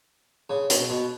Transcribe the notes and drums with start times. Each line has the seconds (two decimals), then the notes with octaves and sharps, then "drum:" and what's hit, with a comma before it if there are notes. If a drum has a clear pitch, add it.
0.50 C#3
0.70 B2, drum: hi-hat
0.90 B2